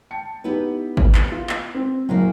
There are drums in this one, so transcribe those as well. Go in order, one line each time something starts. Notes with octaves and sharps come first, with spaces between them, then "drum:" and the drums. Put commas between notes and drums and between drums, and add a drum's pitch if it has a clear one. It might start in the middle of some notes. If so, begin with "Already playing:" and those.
G5 A5 C#7
B3 D#4 E4 G4 B4
drum: kick G#1
drum: clap
F4
drum: clap
C4
F#1 A#2 F#3 A#3